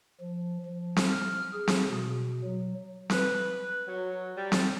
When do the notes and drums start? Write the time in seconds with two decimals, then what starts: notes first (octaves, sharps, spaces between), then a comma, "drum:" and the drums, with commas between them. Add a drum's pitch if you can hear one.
0.21 F3
0.66 F3
0.96 drum: snare C4
1.06 F6
1.53 G#4
1.68 drum: snare C4
1.90 B2
2.43 F#3
3.10 B4, drum: snare C4
3.87 F#3
4.35 G3
4.52 drum: snare C4